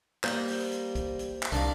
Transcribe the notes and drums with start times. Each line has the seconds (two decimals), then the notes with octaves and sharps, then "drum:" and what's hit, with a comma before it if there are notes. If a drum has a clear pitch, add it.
0.24 G3 A#3 C5 G6, drum: clap
0.48 drum: open hi-hat
0.72 drum: hi-hat
0.95 drum: kick, hi-hat
1.19 drum: hi-hat
1.43 drum: clap
1.52 C2 D#3 D4 D5 F5